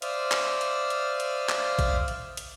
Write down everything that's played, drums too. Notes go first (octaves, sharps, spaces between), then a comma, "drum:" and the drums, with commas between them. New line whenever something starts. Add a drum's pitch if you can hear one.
C5 D5 E5 F5 D#6 F6, drum: hi-hat
drum: clap
drum: hi-hat
drum: hi-hat
drum: hi-hat
drum: clap
drum: kick A1, hi-hat
drum: hi-hat
drum: hi-hat